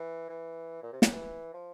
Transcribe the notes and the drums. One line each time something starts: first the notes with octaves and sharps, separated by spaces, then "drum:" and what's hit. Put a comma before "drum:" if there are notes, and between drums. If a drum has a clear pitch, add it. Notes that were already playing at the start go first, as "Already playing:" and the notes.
Already playing: E3
E3
A#2
C3
C#3, drum: snare
E3
F3